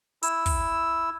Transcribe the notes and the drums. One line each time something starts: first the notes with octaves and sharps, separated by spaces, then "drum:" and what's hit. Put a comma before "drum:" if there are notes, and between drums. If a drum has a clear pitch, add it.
E4 E6, drum: hi-hat
drum: kick, open hi-hat